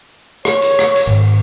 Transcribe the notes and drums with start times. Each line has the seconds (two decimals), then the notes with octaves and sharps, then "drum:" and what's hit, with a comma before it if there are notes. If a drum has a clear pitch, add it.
0.45 C#5, drum: rim click
0.62 drum: hi-hat
0.79 drum: rim click
0.96 drum: hi-hat
1.07 G#1